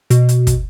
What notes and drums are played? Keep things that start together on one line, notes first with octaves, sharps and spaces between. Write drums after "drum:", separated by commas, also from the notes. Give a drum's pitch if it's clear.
B2, drum: hi-hat
drum: hi-hat
drum: kick, hi-hat